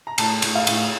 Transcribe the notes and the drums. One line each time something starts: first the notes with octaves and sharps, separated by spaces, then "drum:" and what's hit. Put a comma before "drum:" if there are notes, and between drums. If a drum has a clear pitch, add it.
A#5
A2 A5, drum: cymbal
A2, drum: cymbal
F5
A2, drum: cymbal